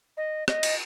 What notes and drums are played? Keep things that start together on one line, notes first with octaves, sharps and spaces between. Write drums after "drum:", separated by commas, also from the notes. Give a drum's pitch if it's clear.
D#5
D#5, drum: rim click
drum: cymbal